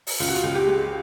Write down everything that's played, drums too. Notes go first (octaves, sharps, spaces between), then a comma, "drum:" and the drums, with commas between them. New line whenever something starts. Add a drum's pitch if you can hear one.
drum: open hi-hat
C#2 F4
F#4
F4
C#2
G4
G#3